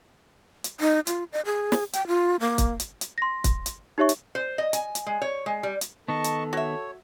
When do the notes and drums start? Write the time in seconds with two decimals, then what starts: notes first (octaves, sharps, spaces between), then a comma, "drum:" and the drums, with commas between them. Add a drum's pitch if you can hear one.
0.64 drum: hi-hat
0.80 D#4
1.07 F4, drum: hi-hat
1.32 D#5
1.46 G#4
1.72 drum: snare
1.93 G5, drum: hi-hat
2.07 F4
2.40 A#3
2.58 drum: kick, hi-hat
2.80 drum: hi-hat
3.01 drum: hi-hat
3.18 C6 A#6
3.44 drum: kick, hi-hat
3.66 drum: hi-hat
3.98 D#4 G4 C#5 E5 C#6
4.09 drum: hi-hat
4.35 C5
4.58 D#5
4.73 G#5, drum: hi-hat
4.95 drum: hi-hat
5.07 G#3
5.22 C#5
5.46 G#3
5.63 G3
5.81 drum: hi-hat
6.08 D#3 B3 A4 D#5 A5 C#6
6.24 drum: hi-hat
6.53 F#4 C#5 E5